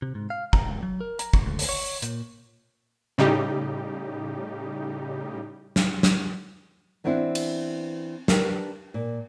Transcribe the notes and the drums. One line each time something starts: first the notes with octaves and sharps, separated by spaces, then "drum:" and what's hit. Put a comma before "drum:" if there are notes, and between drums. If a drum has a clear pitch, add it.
C3
G#2
F5
A#5, drum: kick
C#2
F#3
A#4
A#5, drum: hi-hat
drum: kick
D2
drum: open hi-hat
C#5
A#2, drum: hi-hat
A2 C#3 G3 D#4 G4
drum: snare
drum: snare
E3 B3 C4 D4 E4
drum: cymbal
D4 G4 A#4 B4, drum: snare
A#2